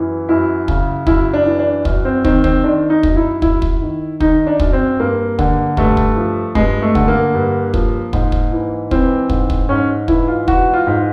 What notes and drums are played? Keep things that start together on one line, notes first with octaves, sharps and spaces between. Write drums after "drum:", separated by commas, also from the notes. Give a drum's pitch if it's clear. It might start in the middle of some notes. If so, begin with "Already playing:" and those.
Already playing: F#2 E3
F#2 E4
C#3, drum: kick
F#2 E4, drum: kick
D4
E3
D4
F#2, drum: kick
C4
D#3 C4, drum: kick
C4, drum: kick
D#3 D4
D#4
F#2, drum: kick
E4
F#2 E4, drum: kick
drum: kick
D#3
D#3 D#4, drum: kick
D4
F#2, drum: kick
C4
G2 A#3
D3, drum: kick
G2 A3, drum: kick
drum: kick
F3
G2 G#3, drum: kick
A3
D3, drum: kick
A#3
G2
F3, drum: kick
G#2, drum: kick
drum: kick
E3
E3 C4, drum: kick
G#2, drum: kick
drum: kick
G#2 C#4
E3 E4, drum: kick
F4
E3 F#4, drum: kick
F4
G#2